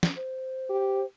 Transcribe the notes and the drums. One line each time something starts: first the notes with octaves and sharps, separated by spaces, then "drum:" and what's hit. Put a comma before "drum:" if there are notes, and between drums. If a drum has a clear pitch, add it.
drum: snare
C5
G4